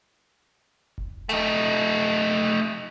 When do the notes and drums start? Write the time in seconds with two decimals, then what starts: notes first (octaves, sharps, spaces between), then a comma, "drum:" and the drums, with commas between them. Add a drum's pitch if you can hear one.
0.98 drum: kick F1
1.29 A3 D#4, drum: hi-hat